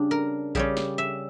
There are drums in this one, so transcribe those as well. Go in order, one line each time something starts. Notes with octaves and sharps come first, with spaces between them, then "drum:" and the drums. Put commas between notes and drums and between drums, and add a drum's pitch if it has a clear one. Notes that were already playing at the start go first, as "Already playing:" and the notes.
Already playing: C#3 G3 D4
A#4
C#3 G3 C#4 G4, drum: kick A#1
drum: snare
E5